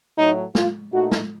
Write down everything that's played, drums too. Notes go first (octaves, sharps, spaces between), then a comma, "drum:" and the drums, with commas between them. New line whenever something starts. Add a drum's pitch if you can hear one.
A2 F#3 A3 D#4
F4, drum: snare
A#2 A3 D#4 F#4
drum: snare